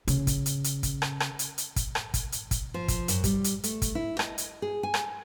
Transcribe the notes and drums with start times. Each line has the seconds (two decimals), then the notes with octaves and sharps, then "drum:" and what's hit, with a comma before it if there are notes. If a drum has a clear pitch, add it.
0.08 C#3, drum: hi-hat
0.27 drum: kick, hi-hat
0.46 drum: hi-hat
0.64 drum: hi-hat
0.83 drum: kick, hi-hat
1.02 drum: rim click
1.20 drum: rim click
1.39 drum: hi-hat
1.58 drum: hi-hat
1.76 drum: kick, hi-hat
1.95 drum: rim click
2.14 drum: kick, hi-hat
2.32 drum: hi-hat
2.51 drum: kick, hi-hat
2.74 F3
2.88 drum: kick, hi-hat
3.08 F#2, drum: hi-hat
3.24 G3, drum: kick, hi-hat
3.44 drum: hi-hat
3.64 A3, drum: hi-hat
3.82 drum: kick, hi-hat
3.95 E4
4.19 D#5, drum: rim click
4.38 drum: hi-hat
4.62 G#4
4.83 G#5
4.94 drum: rim click